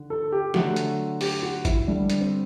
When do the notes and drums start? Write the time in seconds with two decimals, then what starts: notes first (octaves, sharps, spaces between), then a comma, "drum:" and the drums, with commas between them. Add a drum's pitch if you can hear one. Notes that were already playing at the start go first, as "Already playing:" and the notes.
Already playing: D3
0.10 A4
0.32 G4
0.54 D3 F#3 A3 F#4, drum: snare
0.76 drum: hi-hat
1.21 G4, drum: open hi-hat
1.43 F#4
1.65 E4, drum: kick G#1, hi-hat
1.87 D3 G3 D4
2.10 drum: hi-hat
2.21 C4